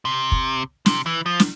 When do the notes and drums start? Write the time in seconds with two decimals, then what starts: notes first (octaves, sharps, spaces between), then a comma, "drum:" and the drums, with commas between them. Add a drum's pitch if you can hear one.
0.05 C3
0.32 drum: kick
0.86 C3, drum: snare
1.06 E3
1.26 F3
1.40 drum: snare